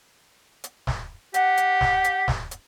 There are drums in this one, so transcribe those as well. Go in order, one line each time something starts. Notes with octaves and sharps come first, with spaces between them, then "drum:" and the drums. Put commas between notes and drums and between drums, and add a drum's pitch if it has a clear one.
drum: hi-hat
drum: snare
G4 F#5, drum: hi-hat
drum: hi-hat
drum: snare
drum: hi-hat
drum: snare
drum: hi-hat